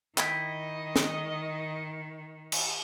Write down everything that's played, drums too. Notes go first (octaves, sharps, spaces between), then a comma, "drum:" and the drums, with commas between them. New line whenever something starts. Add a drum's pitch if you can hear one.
D#3 E4 D#5 G5, drum: clap
drum: snare
drum: cymbal